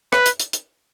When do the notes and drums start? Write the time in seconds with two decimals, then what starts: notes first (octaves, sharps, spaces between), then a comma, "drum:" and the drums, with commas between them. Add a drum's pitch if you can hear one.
0.13 B4, drum: rim click
0.26 drum: hi-hat
0.40 drum: hi-hat
0.53 drum: hi-hat